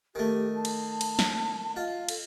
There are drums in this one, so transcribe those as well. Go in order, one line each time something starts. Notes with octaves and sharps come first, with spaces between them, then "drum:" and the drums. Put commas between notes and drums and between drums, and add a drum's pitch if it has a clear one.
D#3 A3 G4
A5
drum: cymbal
drum: cymbal
drum: snare
F4 D#5
A4, drum: cymbal